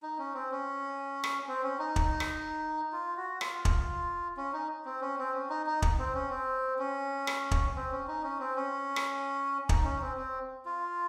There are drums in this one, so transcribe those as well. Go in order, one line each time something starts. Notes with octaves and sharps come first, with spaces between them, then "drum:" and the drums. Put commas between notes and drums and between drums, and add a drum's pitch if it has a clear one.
D#4
C#4
C4
C#4
drum: rim click
C4
C#4
D#4
drum: kick
drum: rim click
F4
F#4
F4, drum: rim click
drum: kick
C#4
D#4
C4
C#4
C4
C#4
D#4
D#4
drum: kick
C4
C#4
C4
C#4
drum: rim click
drum: kick
C4
C#4
D#4
C#4
C4
C#4
drum: rim click
D#4, drum: kick
C#4
C4
C4
F4